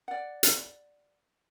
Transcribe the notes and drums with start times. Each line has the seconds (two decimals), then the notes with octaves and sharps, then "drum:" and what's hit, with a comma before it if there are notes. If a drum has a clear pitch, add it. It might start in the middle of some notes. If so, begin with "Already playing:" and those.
0.08 D5 F#5
0.43 drum: hi-hat